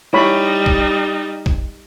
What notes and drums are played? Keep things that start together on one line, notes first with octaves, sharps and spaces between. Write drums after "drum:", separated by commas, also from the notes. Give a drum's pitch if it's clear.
G3 D#4 E4 C#5 B5
drum: kick
drum: kick